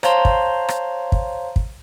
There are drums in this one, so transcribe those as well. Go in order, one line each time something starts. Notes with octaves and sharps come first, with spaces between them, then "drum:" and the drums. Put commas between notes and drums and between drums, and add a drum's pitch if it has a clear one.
C5 C#5 F5 A5 A#5 C6, drum: rim click
drum: kick
drum: rim click
drum: kick
drum: kick